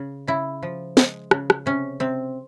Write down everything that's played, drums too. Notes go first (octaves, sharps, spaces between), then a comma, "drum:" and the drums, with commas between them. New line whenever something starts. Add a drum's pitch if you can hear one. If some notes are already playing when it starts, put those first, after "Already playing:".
Already playing: C#3
C#3 E4
F3
G#3, drum: snare
C#3, drum: rim click
drum: rim click
C3 C#4
C3 C4